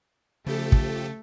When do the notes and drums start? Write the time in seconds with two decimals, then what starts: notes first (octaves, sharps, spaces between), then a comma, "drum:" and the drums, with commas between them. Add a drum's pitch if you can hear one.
0.46 C#3 F3 A3 G4 A4
0.72 drum: kick